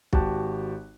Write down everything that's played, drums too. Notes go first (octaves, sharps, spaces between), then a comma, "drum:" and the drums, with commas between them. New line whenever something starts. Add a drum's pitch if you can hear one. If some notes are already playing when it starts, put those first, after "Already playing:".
G#1 F#4 G4 G5 A5 F#6, drum: kick B1